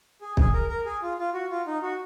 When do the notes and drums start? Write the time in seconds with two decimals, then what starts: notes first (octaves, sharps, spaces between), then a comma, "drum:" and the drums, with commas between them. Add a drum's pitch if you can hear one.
0.21 G#4
0.37 G#4, drum: kick
0.54 A#4
0.69 A#4
0.85 G#4
1.02 F4
1.18 F4
1.34 F#4
1.50 F4
1.66 D#4
1.83 F#4